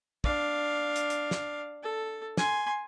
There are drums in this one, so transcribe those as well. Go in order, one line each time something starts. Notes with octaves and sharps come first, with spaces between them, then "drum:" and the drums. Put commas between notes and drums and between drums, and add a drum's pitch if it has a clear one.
D4 F5, drum: kick
drum: hi-hat
drum: hi-hat
drum: snare
A4
G#5 C6, drum: snare